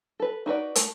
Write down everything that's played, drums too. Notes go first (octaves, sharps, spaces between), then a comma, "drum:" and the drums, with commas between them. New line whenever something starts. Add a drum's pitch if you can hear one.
A4 B4
D#4 F#4 B4 D5
A3, drum: hi-hat